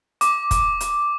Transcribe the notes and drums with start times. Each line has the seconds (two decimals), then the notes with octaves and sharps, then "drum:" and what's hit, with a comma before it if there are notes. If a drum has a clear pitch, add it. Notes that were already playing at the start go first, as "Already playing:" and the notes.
0.21 D6, drum: hi-hat
0.51 drum: kick, hi-hat
0.80 drum: hi-hat